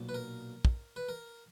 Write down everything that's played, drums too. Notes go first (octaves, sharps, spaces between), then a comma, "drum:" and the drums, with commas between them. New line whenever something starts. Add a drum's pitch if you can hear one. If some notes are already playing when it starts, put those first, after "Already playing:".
Already playing: B1 A#2 F#3
B4
A#4
drum: kick
B4
A#4